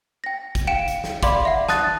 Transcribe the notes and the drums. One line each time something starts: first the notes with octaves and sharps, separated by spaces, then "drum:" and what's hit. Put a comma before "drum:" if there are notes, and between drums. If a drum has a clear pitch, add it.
G5 A#6
drum: kick, hi-hat
F5 G5 D7 E7
drum: hi-hat
drum: snare
D5 F5 B5 C6 D6, drum: kick, hi-hat
E5 F#5
A5 D#6 F#6 A6, drum: snare